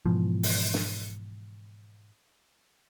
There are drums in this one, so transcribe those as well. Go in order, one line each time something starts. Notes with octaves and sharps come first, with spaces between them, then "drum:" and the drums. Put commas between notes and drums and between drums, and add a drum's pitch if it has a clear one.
G#2 B2 E3 F3
drum: open hi-hat
drum: snare